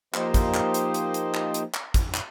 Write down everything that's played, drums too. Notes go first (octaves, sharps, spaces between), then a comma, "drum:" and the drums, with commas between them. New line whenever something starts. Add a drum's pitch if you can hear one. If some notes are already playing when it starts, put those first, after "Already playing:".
F3 A#3 D#4 G4 C5 D#5, drum: clap
drum: kick, hi-hat
drum: clap
drum: hi-hat
drum: hi-hat
drum: hi-hat
drum: clap
drum: hi-hat
drum: clap
drum: kick, hi-hat
drum: clap